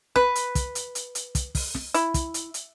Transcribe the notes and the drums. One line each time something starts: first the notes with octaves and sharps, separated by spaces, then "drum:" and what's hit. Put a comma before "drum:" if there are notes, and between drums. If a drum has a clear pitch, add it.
B4, drum: snare
drum: hi-hat
drum: kick, hi-hat
drum: hi-hat
drum: hi-hat
drum: hi-hat
drum: kick, hi-hat
drum: kick, open hi-hat
drum: snare
E4, drum: hi-hat
drum: kick, hi-hat
drum: hi-hat
drum: hi-hat